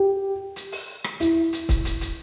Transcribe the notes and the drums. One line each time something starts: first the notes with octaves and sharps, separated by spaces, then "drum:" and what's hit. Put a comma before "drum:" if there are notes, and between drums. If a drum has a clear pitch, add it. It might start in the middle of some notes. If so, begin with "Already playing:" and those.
Already playing: G4
drum: hi-hat
drum: open hi-hat
drum: rim click
E4, drum: hi-hat
drum: hi-hat
drum: kick, hi-hat
drum: hi-hat
drum: hi-hat